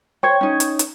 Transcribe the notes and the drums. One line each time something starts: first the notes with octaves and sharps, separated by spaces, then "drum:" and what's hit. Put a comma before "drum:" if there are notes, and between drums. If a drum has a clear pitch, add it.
C5 C#5 G5 C#6 G#6
C#4 D#4
drum: hi-hat
drum: hi-hat